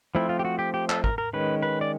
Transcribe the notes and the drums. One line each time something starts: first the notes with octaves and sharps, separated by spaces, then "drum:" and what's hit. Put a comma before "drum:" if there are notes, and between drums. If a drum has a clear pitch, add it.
F3 A3 C4 E4
F4
G4
F#4
G4
G4
A4, drum: clap
A#4, drum: kick
A#4
D#3 G#3 C#4 B4
B4
D5